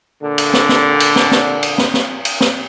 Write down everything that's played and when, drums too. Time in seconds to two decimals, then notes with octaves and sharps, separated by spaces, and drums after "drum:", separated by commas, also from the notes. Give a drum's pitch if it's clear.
0.22 A#2 D3
0.38 drum: cymbal
0.53 drum: snare
0.69 drum: snare
1.00 drum: cymbal
1.16 drum: snare
1.31 drum: snare
1.63 drum: cymbal
1.78 drum: snare
1.94 drum: snare
2.25 drum: cymbal
2.41 drum: snare